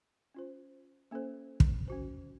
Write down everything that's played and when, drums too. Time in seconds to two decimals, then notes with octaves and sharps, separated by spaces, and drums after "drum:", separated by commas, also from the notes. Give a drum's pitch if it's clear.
0.35 C#4 F4 C5
1.11 A#3 C#4 A4 C5
1.60 drum: kick
1.88 C#4 F#4 C5